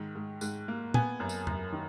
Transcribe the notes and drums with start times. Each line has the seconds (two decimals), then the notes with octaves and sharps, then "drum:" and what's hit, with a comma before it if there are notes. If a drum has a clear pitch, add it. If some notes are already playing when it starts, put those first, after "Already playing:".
Already playing: G#2 D#3
0.15 G#2
0.41 G#2, drum: tambourine
0.68 A#3
0.94 B3 G#5, drum: tom
1.20 F#2
1.29 drum: tambourine
1.47 F#2, drum: tom
1.72 D#3